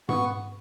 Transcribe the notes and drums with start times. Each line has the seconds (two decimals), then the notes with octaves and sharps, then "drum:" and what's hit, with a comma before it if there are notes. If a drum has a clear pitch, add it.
0.09 B3 C#6, drum: tom G#2